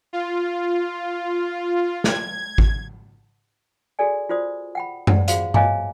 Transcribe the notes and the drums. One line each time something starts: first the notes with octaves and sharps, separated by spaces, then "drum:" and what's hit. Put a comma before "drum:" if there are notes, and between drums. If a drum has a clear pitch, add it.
F4
G#6, drum: snare
drum: kick G#1
F#4 G#4 A4 D5 G#5
F4 F#4 C5 D5 D#6
F#5 G5 B5
D5 F#5 G5, drum: tom F#2
F4 F#4 G#4 C5 F5, drum: hi-hat
C#5 D#5 F5 G#5 A#5 D6, drum: tom G2